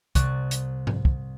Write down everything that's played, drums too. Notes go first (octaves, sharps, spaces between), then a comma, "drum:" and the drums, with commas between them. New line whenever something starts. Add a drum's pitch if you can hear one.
C2 C3 D5 C#6 F#6, drum: kick, hi-hat
drum: hi-hat
drum: tom G#2
drum: kick